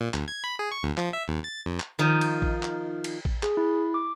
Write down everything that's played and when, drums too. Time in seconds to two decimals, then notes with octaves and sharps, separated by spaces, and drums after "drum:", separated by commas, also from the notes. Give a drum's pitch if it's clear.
0.01 A#2
0.14 D2, drum: clap
0.28 G#6
0.44 B5
0.59 G#4
0.72 C#6
0.83 D2
0.98 F3, drum: clap
1.13 E5
1.28 D#2
1.44 A6
1.66 F2
1.80 drum: clap
1.99 D#3 F3 D#4
2.21 drum: cymbal
2.42 drum: kick
2.63 drum: clap
3.04 drum: cymbal
3.25 drum: kick
3.43 G#4, drum: clap
3.57 E4
3.94 D6